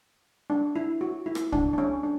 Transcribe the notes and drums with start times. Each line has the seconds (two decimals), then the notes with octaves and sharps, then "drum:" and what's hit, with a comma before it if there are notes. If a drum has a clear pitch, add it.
0.50 D4
0.76 E4
1.01 F#4
1.26 E4
1.35 drum: rim click
1.53 D4, drum: kick
1.73 D4
1.78 C#4
2.03 D4